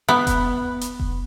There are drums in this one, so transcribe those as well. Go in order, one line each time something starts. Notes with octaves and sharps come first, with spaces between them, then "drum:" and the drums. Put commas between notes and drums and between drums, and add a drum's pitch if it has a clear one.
B3
drum: kick F1, hi-hat
drum: hi-hat
drum: kick F1